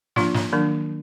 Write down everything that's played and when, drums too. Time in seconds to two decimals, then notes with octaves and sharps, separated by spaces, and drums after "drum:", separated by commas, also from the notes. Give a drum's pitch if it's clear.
0.16 F3 A#3 D4 F4, drum: snare
0.34 drum: snare
0.52 D#3 F#3 A#3 D4